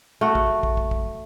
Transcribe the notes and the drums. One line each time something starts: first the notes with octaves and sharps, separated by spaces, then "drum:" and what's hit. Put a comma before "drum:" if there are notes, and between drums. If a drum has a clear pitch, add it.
A3 F#4
drum: kick
drum: kick
drum: kick
drum: kick